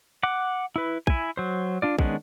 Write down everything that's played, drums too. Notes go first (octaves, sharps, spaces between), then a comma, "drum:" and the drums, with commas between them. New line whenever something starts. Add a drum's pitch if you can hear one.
F#5 D6
E4 B4
E4 G#5, drum: kick
F#3 C5
D4 F4 D5
D#3 G#3 B3 C#4 D4, drum: kick